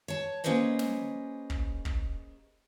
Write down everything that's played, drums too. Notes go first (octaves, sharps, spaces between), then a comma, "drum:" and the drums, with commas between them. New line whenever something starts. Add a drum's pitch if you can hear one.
C#5 A5
A#3 C#4 G#4 B4 C5 D#5
drum: snare
drum: kick
drum: kick